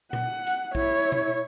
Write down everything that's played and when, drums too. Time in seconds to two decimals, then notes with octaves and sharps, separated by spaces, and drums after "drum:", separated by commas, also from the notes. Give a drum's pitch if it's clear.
0.13 F#5, drum: tom A#2
0.47 drum: hi-hat
0.75 E4 C#5, drum: kick
1.12 drum: tom B2